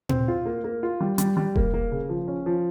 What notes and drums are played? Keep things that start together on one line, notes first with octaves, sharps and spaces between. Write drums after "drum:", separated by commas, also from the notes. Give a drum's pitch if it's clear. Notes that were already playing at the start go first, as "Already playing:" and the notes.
C4, drum: tom A#2
F4
A#3
A#3
F4
G3
G3, drum: hi-hat
G3
A#3, drum: kick E1
A#3
C#3
F3
C#4
F3